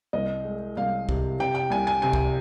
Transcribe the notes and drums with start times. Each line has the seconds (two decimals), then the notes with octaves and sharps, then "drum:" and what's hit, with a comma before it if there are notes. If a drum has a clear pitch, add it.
0.13 C2 D#5
0.45 G#3
0.77 C2 F5
1.09 C3, drum: kick C2
1.40 C3 G5
1.55 G5
1.70 C2 G#5
1.87 G#5
2.02 C3 G#5
2.13 drum: kick C2